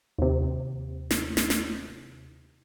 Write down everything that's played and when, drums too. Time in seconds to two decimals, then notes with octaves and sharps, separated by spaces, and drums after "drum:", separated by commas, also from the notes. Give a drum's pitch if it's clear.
0.18 D#2 C3
1.11 drum: snare
1.37 drum: snare
1.50 drum: snare